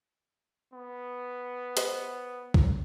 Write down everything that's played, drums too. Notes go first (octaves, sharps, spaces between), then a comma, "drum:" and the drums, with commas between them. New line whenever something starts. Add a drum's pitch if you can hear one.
B3
B4 C5 D#5, drum: hi-hat
drum: kick C2